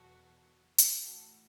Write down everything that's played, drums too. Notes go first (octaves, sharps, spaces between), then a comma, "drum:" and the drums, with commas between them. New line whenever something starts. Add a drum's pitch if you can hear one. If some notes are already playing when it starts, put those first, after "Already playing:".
Already playing: E2 B2 F#3 F#4 A4
drum: hi-hat
A2 E3 F#4 A4